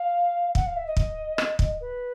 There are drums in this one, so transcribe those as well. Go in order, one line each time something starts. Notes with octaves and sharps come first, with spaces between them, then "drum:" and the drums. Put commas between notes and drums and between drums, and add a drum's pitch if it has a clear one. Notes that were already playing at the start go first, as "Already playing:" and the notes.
Already playing: F5
F#5, drum: kick
F5
E5
D#5
drum: kick
drum: rim click
drum: kick
B4